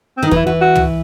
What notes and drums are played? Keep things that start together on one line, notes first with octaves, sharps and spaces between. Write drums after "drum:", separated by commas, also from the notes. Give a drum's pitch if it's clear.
C4
D#3
D#4
E3 E4, drum: kick
E3 F#4
F#4
drum: tom